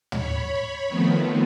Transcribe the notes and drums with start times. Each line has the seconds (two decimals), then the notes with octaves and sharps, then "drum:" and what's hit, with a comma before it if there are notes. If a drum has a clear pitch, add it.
0.12 C#5 B5, drum: tom
0.88 D#3 F3 A3 B3 C4